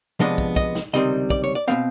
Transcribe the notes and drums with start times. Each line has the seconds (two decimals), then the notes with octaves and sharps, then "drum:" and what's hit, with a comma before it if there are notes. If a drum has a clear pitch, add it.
0.19 C3 F3 G#3 B3 D4 D#5
0.38 drum: kick
0.56 D#5, drum: kick
0.75 drum: snare
0.93 C#2 C3 D#3 G3 C4 D#5
1.30 D5, drum: kick
1.44 C#5
1.55 D5
1.68 B2 G#3 C4 F5